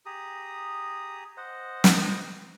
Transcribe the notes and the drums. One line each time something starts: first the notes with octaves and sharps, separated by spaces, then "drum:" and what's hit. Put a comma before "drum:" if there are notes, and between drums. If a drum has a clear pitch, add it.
G4 G#4 A#5 D#6
C5 D#5 F#5
drum: snare